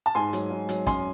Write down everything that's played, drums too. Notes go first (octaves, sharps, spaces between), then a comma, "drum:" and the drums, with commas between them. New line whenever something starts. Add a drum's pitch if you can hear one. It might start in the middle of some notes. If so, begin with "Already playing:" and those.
A5
G#2 G#5 C6
F#3, drum: hi-hat
G#2
F#3, drum: hi-hat
F#2 G#5 C6, drum: kick, hi-hat